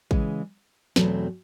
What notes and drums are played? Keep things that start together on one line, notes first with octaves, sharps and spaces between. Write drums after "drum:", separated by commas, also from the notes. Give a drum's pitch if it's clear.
C#3 E3 G#3, drum: kick
E2 B2 F#3 A3 C4, drum: snare